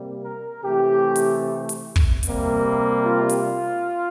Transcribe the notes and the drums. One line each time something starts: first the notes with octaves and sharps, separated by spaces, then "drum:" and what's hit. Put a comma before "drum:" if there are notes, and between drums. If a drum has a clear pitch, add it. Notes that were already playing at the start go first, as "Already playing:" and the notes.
Already playing: C3 G3 A#3
A#4
C3 E3 A3 G4
drum: hi-hat
drum: hi-hat
drum: kick
C3 G3 A#3, drum: hi-hat
F4
drum: hi-hat